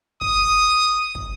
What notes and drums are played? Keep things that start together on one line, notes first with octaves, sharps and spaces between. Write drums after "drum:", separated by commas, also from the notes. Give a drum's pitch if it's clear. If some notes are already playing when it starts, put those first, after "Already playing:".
D#6, drum: kick
drum: kick